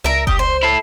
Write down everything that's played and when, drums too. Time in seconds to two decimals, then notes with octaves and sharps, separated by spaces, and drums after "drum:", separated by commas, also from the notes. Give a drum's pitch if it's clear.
0.04 C#2 A#4 E5
0.27 G4 D#6, drum: kick F1
0.39 C5 C6
0.63 E4 A4 C7